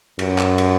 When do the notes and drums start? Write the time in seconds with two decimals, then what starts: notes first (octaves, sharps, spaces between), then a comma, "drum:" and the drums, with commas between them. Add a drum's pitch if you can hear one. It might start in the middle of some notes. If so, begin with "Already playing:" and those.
0.19 F#2, drum: cymbal
0.38 drum: clap
0.58 drum: cymbal